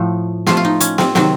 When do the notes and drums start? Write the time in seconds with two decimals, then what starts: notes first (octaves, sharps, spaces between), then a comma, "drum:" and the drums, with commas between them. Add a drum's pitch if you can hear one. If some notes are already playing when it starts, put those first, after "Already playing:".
Already playing: A2 F3 A3
0.47 A2 F3 A3 F4, drum: snare
0.57 F4
0.65 D#4
0.80 C#4, drum: hi-hat
0.98 C4, drum: snare
1.15 C3 D#3 F#3 C4, drum: snare